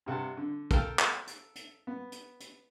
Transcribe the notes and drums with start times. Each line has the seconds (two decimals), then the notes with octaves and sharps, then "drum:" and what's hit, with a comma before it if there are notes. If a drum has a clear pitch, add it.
0.06 G2 C3 F#5 A5
0.37 D3
0.71 A4 A#4 F5 G5 A5, drum: kick, hi-hat
0.99 drum: clap
1.27 drum: hi-hat
1.55 drum: hi-hat
1.87 B3
2.12 drum: hi-hat
2.40 drum: hi-hat